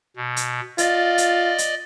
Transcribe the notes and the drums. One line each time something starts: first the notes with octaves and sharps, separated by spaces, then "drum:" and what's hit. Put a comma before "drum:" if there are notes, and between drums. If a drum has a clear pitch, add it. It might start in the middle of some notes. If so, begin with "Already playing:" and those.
B2
drum: hi-hat
F4 D5 D#5, drum: hi-hat
drum: hi-hat
drum: hi-hat